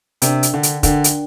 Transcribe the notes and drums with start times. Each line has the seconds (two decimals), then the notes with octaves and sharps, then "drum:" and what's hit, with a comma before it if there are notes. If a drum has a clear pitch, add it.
0.22 C3 D4 A#4 D5 G5, drum: hi-hat
0.43 drum: hi-hat
0.54 D3
0.63 drum: hi-hat
0.83 D3 D4 A#4 D5 G5, drum: kick, hi-hat
1.04 drum: hi-hat